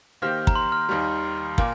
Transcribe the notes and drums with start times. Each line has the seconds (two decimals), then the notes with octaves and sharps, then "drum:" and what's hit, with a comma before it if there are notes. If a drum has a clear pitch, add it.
0.22 D#3 A#3 G4 C5 F6
0.47 A#5, drum: kick
0.55 C6
0.72 F6
0.89 D#2 D#3 G3
1.58 A#2 A#3, drum: kick